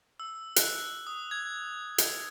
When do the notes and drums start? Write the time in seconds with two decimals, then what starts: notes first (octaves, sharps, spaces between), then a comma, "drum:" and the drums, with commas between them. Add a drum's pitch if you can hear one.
0.20 E6
0.56 F#6, drum: hi-hat
1.07 D#6
1.31 G#6
1.98 drum: hi-hat